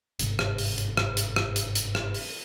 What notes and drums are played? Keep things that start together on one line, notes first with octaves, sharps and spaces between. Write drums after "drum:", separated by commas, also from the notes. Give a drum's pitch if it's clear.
G1 G#2 C3, drum: hi-hat
drum: rim click
drum: open hi-hat
drum: hi-hat
drum: rim click
drum: hi-hat
drum: rim click
drum: hi-hat
drum: hi-hat
drum: rim click
drum: open hi-hat